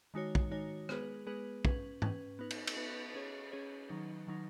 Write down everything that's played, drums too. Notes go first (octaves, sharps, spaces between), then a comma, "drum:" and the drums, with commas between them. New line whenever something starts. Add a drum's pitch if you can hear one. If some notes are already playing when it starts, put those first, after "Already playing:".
D#3 G#3 D#4 F#4 C#5
drum: kick
D#3 G#3 D#4 F#4 C#5
G#3 B3 G#4 B4, drum: rim click
G#3 B3 G#4 B4
C#4 B4, drum: kick
C#4 B4, drum: tom G#2
B3 D#4 B4
drum: cymbal
drum: cymbal
B3 D#4 B4
C#4 G#4 C#5
C#4 G#4 C#5
D#3 F#3 D#4
D#3 F#3 D#4